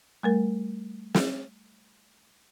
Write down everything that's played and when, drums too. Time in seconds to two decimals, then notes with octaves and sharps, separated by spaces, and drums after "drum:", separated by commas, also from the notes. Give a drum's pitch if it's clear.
0.23 G3 A3 A#4
1.15 drum: snare